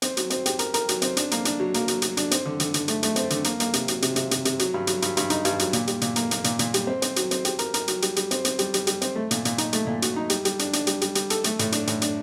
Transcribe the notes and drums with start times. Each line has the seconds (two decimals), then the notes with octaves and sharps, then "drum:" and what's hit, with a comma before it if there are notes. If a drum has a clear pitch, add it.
0.02 C4, drum: hi-hat
0.17 F#3, drum: hi-hat
0.30 C4, drum: hi-hat
0.46 G4, drum: hi-hat
0.59 A#4, drum: hi-hat
0.74 A#4, drum: hi-hat
0.89 F#3, drum: hi-hat
1.02 C4, drum: hi-hat
1.17 D4, drum: hi-hat
1.31 A#3, drum: hi-hat
1.45 D4, drum: hi-hat
1.60 F#3
1.74 A#3, drum: hi-hat
1.88 F#3, drum: hi-hat
2.02 F#3, drum: hi-hat
2.17 D4, drum: hi-hat
2.31 C4, drum: hi-hat
2.46 D3
2.60 D3, drum: hi-hat
2.74 D3, drum: hi-hat
2.88 A3, drum: hi-hat
3.03 A3, drum: hi-hat
3.16 C4, drum: hi-hat
3.30 D3, drum: hi-hat
3.44 A#3, drum: hi-hat
3.60 A#3, drum: hi-hat
3.73 C3, drum: hi-hat
3.88 F#3, drum: hi-hat
4.02 C3, drum: hi-hat
4.16 C3, drum: hi-hat
4.31 C3, drum: hi-hat
4.45 C3, drum: hi-hat
4.59 F#3, drum: hi-hat
4.74 G2
4.87 F#3, drum: hi-hat
5.02 G2, drum: hi-hat
5.17 G2, drum: hi-hat
5.30 D#4, drum: hi-hat
5.45 G2, drum: hi-hat
5.59 F#3, drum: hi-hat
5.73 A#2, drum: hi-hat
5.87 G3, drum: hi-hat
6.01 A#2, drum: hi-hat
6.16 A#3, drum: hi-hat
6.31 A#3, drum: hi-hat
6.44 A#2, drum: hi-hat
6.59 A#2, drum: hi-hat
6.74 G3, drum: hi-hat
6.87 C4
7.02 C4, drum: hi-hat
7.16 F#3, drum: hi-hat
7.31 C4, drum: hi-hat
7.45 G4, drum: hi-hat
7.59 A#4, drum: hi-hat
7.74 A#4, drum: hi-hat
7.88 F#3, drum: hi-hat
8.02 G3, drum: hi-hat
8.16 G3, drum: hi-hat
8.31 C4, drum: hi-hat
8.45 C4, drum: hi-hat
8.59 G3, drum: hi-hat
8.74 G3, drum: hi-hat
8.87 G3, drum: hi-hat
9.02 C4, drum: hi-hat
9.16 A3
9.31 A#2, drum: hi-hat
9.45 A#2, drum: hi-hat
9.58 D#4, drum: hi-hat
9.73 A3, drum: hi-hat
9.87 A#2
10.02 F#4, drum: hi-hat
10.16 D#4
10.30 G3, drum: hi-hat
10.45 G3, drum: hi-hat
10.59 D4, drum: hi-hat
10.73 D4, drum: hi-hat
10.87 G3, drum: hi-hat
11.01 G3, drum: hi-hat
11.15 G3, drum: hi-hat
11.30 A4, drum: hi-hat
11.44 A3, drum: hi-hat
11.59 A2, drum: hi-hat
11.72 D4, drum: hi-hat
11.87 A2, drum: hi-hat
12.02 D4, drum: hi-hat